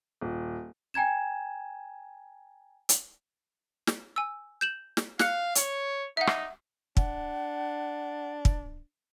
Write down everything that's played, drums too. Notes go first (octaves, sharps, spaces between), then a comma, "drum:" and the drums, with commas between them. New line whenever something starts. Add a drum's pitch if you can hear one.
D#1
G5 G#5 A#5 G#6 E7
drum: hi-hat
drum: snare
G#5 E6
G6 E7 F#7
drum: snare
F5 F#6 C#7, drum: snare
C#5, drum: hi-hat
D#4 E5 F#5
drum: rim click
D4 F#5, drum: kick
drum: kick